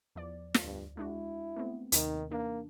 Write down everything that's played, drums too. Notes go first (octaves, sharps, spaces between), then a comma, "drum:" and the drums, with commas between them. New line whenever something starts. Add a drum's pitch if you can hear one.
E2 F3 D5
drum: snare
D2 G2
G#3 D4 E4 F#4
A3 B3 C4
D#2 C3 D#3 D#4, drum: hi-hat
E3 A#3 D4